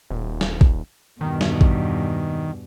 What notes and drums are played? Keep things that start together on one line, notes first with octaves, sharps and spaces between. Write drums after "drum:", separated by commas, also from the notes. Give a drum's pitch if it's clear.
D#1
drum: snare
drum: kick A1
E2 G2 B2 D#3
drum: snare
drum: kick A1